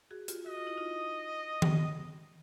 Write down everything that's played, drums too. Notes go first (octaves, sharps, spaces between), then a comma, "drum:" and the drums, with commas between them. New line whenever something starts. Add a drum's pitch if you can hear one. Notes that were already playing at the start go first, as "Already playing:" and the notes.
F#4 G#4
F4 G4, drum: hi-hat
F#4 D#5
F4
E4
D#4 F4
drum: tom D#3